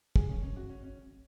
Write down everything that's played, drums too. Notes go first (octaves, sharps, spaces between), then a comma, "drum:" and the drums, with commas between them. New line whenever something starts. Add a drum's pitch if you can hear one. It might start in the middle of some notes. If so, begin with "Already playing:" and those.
G#4, drum: kick
C#4
C#4
F#4
C#4
C#4